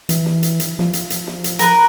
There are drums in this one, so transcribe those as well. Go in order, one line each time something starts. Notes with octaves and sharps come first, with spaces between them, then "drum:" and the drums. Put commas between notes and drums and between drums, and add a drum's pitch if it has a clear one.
E3, drum: hi-hat
drum: snare
drum: hi-hat
drum: hi-hat
F3, drum: snare
drum: hi-hat
drum: hi-hat
drum: snare
drum: hi-hat
A#4 B4, drum: hi-hat